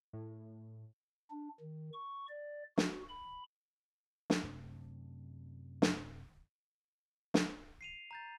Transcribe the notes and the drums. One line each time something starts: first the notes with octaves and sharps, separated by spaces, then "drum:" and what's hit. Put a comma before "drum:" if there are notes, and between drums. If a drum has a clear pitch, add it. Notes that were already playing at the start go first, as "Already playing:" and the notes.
A2
D4
D#3
C#6
D5
F#4, drum: snare
B5
drum: snare
F#2 C3 A3 D4
drum: snare
drum: snare
C7 D#7 F7
A#5 G6 A6